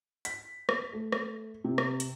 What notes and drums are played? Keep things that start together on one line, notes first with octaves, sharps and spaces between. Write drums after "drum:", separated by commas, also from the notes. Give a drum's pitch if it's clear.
B6, drum: hi-hat
drum: rim click
A3
drum: rim click
C3
drum: rim click
drum: hi-hat